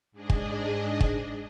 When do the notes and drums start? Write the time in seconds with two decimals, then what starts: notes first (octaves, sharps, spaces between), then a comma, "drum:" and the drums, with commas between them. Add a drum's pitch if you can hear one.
0.12 G#2 D4 G#4 D#5
0.30 drum: kick
1.01 drum: kick